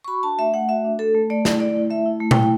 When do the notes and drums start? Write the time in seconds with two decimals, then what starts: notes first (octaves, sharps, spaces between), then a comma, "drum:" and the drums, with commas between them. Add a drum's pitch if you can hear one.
0.04 C#6
0.08 F#4 B5
0.23 D4 A5
0.38 A3 E5
0.54 A3 F#5
0.69 F#4 E5
0.85 D4
0.99 A3 A4
1.15 A3
1.30 A3 D5
1.45 E4, drum: snare
1.60 A3 D5
1.76 E4
1.90 A3 E5
2.06 E4
2.20 A3
2.31 E4 G5, drum: tom A#2